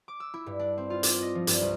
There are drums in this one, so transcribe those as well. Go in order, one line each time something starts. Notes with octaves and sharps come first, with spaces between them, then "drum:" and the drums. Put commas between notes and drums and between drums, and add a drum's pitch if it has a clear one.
D6
E6
E4
G2
D4
C4
F4
D6, drum: hi-hat
D#5
F3
G2, drum: hi-hat
C2